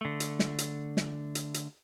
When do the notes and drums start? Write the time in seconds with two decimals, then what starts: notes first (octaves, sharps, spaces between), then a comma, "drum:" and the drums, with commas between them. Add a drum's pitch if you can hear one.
0.01 D3 A3
0.20 drum: hi-hat
0.39 drum: snare
0.58 drum: hi-hat
0.97 drum: snare
1.35 drum: hi-hat
1.54 drum: hi-hat